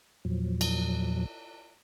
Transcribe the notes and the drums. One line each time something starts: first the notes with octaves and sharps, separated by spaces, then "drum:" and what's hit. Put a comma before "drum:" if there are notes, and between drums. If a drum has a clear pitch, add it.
E2 A#2 F3 F#3
drum: cymbal